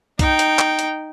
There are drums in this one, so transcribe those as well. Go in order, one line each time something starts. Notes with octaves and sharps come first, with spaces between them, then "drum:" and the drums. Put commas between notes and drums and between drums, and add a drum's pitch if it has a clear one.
D#4 G5, drum: kick B1, hi-hat
drum: hi-hat
drum: clap
drum: hi-hat